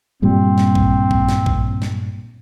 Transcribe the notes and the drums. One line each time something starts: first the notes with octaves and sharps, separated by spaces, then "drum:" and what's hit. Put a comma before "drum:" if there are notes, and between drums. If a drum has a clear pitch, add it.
G2 A#2 G3 C4
drum: snare
drum: kick A1
drum: kick A1
drum: snare
drum: kick A1
drum: snare